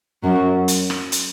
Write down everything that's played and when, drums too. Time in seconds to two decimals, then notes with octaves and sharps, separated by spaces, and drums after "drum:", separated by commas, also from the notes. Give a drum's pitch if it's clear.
0.23 F#2 F#3
0.68 drum: hi-hat
0.90 drum: rim click
1.12 drum: hi-hat